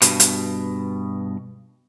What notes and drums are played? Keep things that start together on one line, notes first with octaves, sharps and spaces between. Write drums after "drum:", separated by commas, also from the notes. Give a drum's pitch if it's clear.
G2 B2, drum: hi-hat
drum: hi-hat